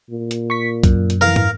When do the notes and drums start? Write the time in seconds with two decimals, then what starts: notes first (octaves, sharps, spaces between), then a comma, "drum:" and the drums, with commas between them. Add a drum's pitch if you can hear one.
0.10 A#2
0.31 drum: hi-hat
0.50 C#6 B6
0.84 F#2, drum: kick, hi-hat
1.10 drum: hi-hat
1.21 E3 A#4 F5
1.36 drum: tom